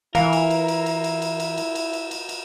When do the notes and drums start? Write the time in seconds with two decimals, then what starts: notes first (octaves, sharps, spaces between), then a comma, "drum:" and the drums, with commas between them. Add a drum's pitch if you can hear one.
0.15 E3 E4 A#4 F5, drum: cymbal
0.33 drum: cymbal
0.51 drum: cymbal
0.68 drum: cymbal
0.86 drum: cymbal
1.04 drum: cymbal
1.22 drum: cymbal
1.40 drum: cymbal
1.58 drum: cymbal
1.75 drum: cymbal
1.93 drum: cymbal
2.11 drum: cymbal
2.29 drum: cymbal